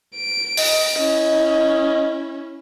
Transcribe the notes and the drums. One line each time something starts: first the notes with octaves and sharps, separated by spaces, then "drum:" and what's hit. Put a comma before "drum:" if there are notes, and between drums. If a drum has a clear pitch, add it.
D7
D#5, drum: open hi-hat
C#4 E4